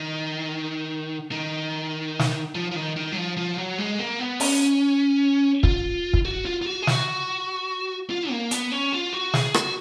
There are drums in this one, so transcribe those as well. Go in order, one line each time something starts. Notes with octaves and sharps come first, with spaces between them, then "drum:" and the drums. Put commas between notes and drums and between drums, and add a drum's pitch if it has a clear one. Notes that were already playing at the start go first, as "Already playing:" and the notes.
Already playing: D#3
D#3
drum: snare
F3
F3
D#3
D#3
F#3
F3
F3
F#3
G#3
A#3
B3
C#4, drum: open hi-hat
F4, drum: kick
drum: kick
F#4
F4
F4
F#4
G#4
F#4, drum: snare
F4
A#3
B3, drum: hi-hat
C#4
F4
F#4
G#4, drum: snare
F#4, drum: rim click